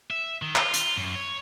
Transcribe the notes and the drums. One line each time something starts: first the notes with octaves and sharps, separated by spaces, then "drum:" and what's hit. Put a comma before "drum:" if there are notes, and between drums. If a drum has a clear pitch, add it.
E5
D#3
F4, drum: clap
F4, drum: hi-hat
F#2
C#5